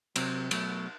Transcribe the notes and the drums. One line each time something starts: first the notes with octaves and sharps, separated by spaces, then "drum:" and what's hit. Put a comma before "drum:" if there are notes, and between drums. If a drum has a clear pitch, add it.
C3 F#3 C4, drum: cymbal
B1 B2 F#3 A3, drum: cymbal